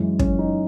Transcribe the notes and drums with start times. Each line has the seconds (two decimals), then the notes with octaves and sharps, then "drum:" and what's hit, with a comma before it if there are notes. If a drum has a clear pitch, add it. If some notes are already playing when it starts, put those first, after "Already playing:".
Already playing: F#2 E3 G#3
0.19 C#4, drum: kick
0.39 D#4